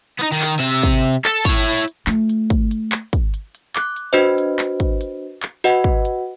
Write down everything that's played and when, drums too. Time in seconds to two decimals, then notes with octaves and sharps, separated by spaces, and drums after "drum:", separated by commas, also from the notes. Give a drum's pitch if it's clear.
0.19 B3 D#4
0.32 D#3
0.42 drum: clap
0.59 C3 E5
0.83 drum: kick, hi-hat
1.04 drum: hi-hat
1.25 A4, drum: clap
1.45 E4 C#5, drum: kick, hi-hat
1.67 drum: hi-hat
1.88 drum: hi-hat
2.07 A3 F4, drum: clap
2.29 drum: hi-hat
2.50 drum: kick, hi-hat
2.71 drum: hi-hat
2.92 drum: clap
3.13 drum: kick, hi-hat
3.34 drum: hi-hat
3.55 drum: hi-hat
3.76 D6 F#6, drum: clap
3.96 drum: hi-hat
4.13 D4 F#4 B4 C5 D#5
4.38 drum: hi-hat
4.59 drum: clap
4.80 drum: kick, hi-hat
5.01 drum: hi-hat
5.43 drum: clap
5.64 F#4 B4 D#5 F#5, drum: hi-hat
5.84 drum: kick
6.05 drum: hi-hat